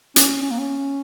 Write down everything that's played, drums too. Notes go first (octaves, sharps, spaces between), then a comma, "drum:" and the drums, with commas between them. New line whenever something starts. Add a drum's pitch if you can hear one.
C#4, drum: hi-hat
C#4
A#3
C#4